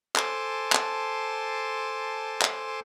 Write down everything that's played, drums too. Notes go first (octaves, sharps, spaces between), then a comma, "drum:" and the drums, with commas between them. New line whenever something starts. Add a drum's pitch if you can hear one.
A4 C5 G#5 A5 C6 D6, drum: clap
drum: clap
drum: clap